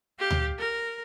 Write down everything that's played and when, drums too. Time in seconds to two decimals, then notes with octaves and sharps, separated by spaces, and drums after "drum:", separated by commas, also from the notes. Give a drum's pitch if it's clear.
0.19 G4 F5
0.31 drum: tom D2
0.59 A#4